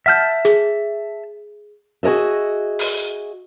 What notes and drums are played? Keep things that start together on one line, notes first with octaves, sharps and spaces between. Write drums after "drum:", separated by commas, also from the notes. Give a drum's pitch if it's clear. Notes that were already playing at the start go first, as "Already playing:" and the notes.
E5 F#5 A5 F6 G6
G#4, drum: hi-hat
F#4 G#4 A#4 D#5 E5
drum: open hi-hat